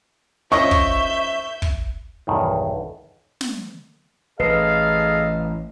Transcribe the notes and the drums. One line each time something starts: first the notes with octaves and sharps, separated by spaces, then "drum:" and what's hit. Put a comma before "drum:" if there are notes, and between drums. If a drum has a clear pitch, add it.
F3 C#4 D#5 E5 C#6 G6
drum: kick
drum: kick
B1 E2 G2 D#3
drum: snare
A1 G#4 A4 B4 D#5 F5 C7